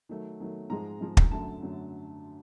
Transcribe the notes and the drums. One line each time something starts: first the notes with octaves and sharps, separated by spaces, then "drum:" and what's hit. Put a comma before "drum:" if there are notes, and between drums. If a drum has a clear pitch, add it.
D#3 F#3 A3
D#3 F#3 A3
G#2 F3 G#3 A#5
G#2 F3 G#3
drum: kick
F#2 D3 F#3 A3 A5
F#2 D3 F#3 A3